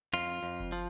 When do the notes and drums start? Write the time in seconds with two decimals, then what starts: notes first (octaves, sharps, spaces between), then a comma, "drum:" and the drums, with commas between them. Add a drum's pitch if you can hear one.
0.13 F2 F4
0.43 F2
0.60 drum: kick F#1
0.72 F3